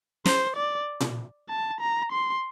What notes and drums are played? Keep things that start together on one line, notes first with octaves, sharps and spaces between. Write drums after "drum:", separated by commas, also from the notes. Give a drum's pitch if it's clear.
C5, drum: snare
D5
drum: tom A#2
A5
A#5
C6